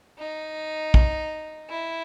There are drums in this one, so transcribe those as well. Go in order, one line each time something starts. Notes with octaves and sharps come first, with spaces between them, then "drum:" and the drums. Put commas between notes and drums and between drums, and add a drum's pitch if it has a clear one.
D#4
drum: kick
E4